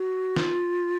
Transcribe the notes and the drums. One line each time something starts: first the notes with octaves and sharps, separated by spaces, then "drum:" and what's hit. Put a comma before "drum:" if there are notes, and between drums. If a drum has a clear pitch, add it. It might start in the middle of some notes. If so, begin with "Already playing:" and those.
Already playing: F#4
F4, drum: snare